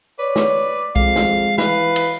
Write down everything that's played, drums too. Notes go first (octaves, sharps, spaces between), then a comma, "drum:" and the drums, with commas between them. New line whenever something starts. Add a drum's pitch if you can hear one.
B4 C#5 D5
drum: snare
F2 G#3 F5, drum: kick B1
drum: snare
E3 B4 F5, drum: snare
drum: cymbal